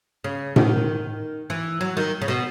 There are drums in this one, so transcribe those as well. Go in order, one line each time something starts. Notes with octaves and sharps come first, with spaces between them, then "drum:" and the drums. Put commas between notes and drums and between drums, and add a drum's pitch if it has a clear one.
C#3
D#3, drum: tom A2
E3
F#3
D#3
C#3
B2